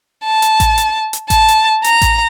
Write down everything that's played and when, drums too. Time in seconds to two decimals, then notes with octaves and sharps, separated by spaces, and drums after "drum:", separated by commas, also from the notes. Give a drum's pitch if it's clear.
0.24 A5
0.42 drum: hi-hat
0.60 drum: kick A1, hi-hat
0.78 drum: hi-hat
1.13 drum: hi-hat
1.30 A5, drum: kick A1, hi-hat
1.48 drum: hi-hat
1.84 A#5, drum: hi-hat
2.02 drum: kick A1, hi-hat